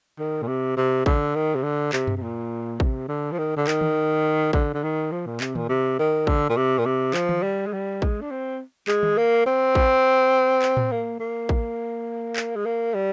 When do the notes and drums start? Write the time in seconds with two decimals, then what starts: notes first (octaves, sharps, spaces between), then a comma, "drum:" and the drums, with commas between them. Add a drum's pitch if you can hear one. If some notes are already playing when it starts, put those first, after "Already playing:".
0.19 D#3
0.42 A#2
0.48 C3
0.77 C3
1.06 D3, drum: kick
1.35 D#3
1.55 C3
1.63 D3
1.93 C3, drum: clap
2.07 drum: tom F#2
2.17 C3
2.22 A#2
2.80 C3, drum: kick
3.08 D3
3.32 F3
3.38 D#3
3.57 D3
3.67 D#3, drum: clap
3.81 drum: tom D#3
4.53 D3, drum: kick
4.74 D3
4.83 D#3
5.12 F3
5.27 A#2
5.40 C3, drum: clap
5.55 A#2, drum: tom D#3
5.69 C3
5.99 D#3
6.27 D3, drum: kick
6.49 A#2
6.57 C3
6.78 A#2
6.86 C3
7.14 F3, drum: clap
7.29 drum: tom D#3
7.43 G3
7.66 G#3
7.73 G3
8.02 G#3, drum: kick
8.21 D4
8.31 C4
8.88 G#3, drum: clap
9.03 drum: tom D#3
9.18 A#3
9.46 C4
9.75 drum: kick
10.62 drum: clap
10.77 drum: tom A2
10.92 A#3
11.20 A#3
11.49 drum: kick
12.36 drum: clap
12.56 G#3
12.66 A#3
12.94 G3